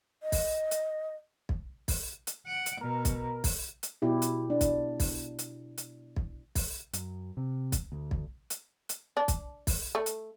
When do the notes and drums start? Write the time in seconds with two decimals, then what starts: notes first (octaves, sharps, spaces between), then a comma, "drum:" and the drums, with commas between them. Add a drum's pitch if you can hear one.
0.23 D#5
0.32 drum: kick, open hi-hat
0.71 drum: hi-hat
1.49 drum: kick
1.88 drum: kick, open hi-hat
2.27 drum: hi-hat
2.47 F#5 D7
2.66 drum: hi-hat
2.81 B2 A#4
3.05 drum: kick, hi-hat
3.44 drum: kick, open hi-hat
3.83 drum: hi-hat
4.02 B2 E4 G4
4.22 drum: hi-hat
4.50 D4
4.61 drum: kick, hi-hat
5.00 drum: kick, open hi-hat
5.39 drum: hi-hat
5.78 drum: hi-hat
6.16 drum: kick
6.55 drum: kick, open hi-hat
6.93 F#2, drum: hi-hat
7.37 C3
7.72 drum: kick, hi-hat
7.92 D2
8.11 drum: kick
8.50 drum: hi-hat
8.89 drum: hi-hat
9.17 D4
9.28 drum: kick, hi-hat
9.67 drum: kick, open hi-hat
9.95 A3
10.06 drum: hi-hat